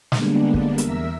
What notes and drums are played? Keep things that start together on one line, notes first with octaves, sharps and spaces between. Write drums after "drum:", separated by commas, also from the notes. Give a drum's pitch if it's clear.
D3 G3 G#3 A#3 B3 D4, drum: snare
drum: kick
E2 A#4 E5 E6, drum: hi-hat